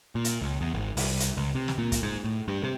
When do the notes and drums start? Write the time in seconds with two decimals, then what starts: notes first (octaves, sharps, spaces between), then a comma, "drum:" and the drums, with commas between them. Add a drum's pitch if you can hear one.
0.15 A#2
0.24 drum: hi-hat
0.41 C#2
0.61 E2
0.74 G#1
0.97 C2, drum: open hi-hat
1.20 drum: hi-hat
1.37 C#2
1.55 C3
1.68 drum: snare
1.78 A#2
1.92 drum: kick, hi-hat
2.03 G#2
2.24 A2
2.48 G2
2.64 C3